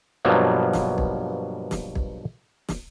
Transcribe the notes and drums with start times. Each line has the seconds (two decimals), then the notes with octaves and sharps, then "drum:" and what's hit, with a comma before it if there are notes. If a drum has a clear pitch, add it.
0.25 G2 B2 F3 F#3 A#3
0.73 drum: snare
0.98 drum: kick
1.71 drum: snare
1.95 drum: kick
2.69 drum: snare